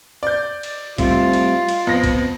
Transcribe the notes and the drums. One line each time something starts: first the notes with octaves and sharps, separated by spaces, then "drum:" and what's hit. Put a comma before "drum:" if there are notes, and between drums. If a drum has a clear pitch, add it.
D5 G6
drum: cymbal
G3 A3 C4 F4, drum: kick, cymbal
drum: cymbal
drum: cymbal
F2 B3 C4 A#6
drum: kick, cymbal